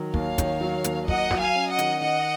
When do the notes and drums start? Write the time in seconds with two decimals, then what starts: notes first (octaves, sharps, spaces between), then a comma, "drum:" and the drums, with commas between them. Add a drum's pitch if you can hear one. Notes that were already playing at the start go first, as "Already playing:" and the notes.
Already playing: D#3 F#3
0.14 D#2 C#5 F5, drum: kick
0.38 D#3, drum: kick, hi-hat
0.61 F#3
0.84 D#2, drum: hi-hat
1.08 F#3 D#5 F#5, drum: kick
1.31 F#3, drum: snare
1.39 F5 G#5
1.55 C#4
1.71 D#5 F#5
1.79 D#3, drum: hi-hat
2.01 D#3 D#5 F#5